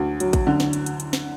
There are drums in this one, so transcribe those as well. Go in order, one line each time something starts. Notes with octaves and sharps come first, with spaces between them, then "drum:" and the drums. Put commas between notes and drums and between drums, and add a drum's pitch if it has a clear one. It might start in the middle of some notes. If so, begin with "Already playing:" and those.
Already playing: D2
F#3, drum: hi-hat
drum: kick A1, hi-hat
D3
drum: snare
drum: hi-hat
drum: hi-hat
drum: hi-hat
drum: snare